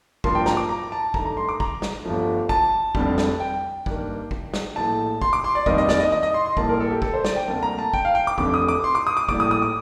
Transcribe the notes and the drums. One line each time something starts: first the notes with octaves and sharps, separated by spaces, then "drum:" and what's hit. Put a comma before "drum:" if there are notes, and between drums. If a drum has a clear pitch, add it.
G2 F3 A#3 C6, drum: kick
G5
A#5, drum: snare
D6
A#5
A5
G2 D#3 A3 A#5, drum: kick
A#5
C6
D6
A#5, drum: kick
drum: snare
G1 G2 F3 A3
A5, drum: kick
F1 F2 D3 G3, drum: kick
drum: snare
G5
G2 D#3 A#3, drum: kick
drum: kick
drum: snare
A#1 A2 A3 A5
C6, drum: kick
D6
C6
D5
F1 D#2 D#3 G3 A#3 D#5, drum: kick
D#5
D5, drum: snare
D#5
D#5
D#5
C6
C6
A#1 A2 G3 A#3 A5, drum: kick
A#4
A4
G4
A4, drum: kick
C5
D5, drum: snare
G5
D2 C3 G3 A#3 A5
A#5
A5
G5, drum: kick
F5
G5
D6
F1 F2 D3 A3 D6, drum: kick
D#6
D6
C6
D6
D#6
D6
A#1 A2 G3 D6, drum: kick
D#6
D#6
D6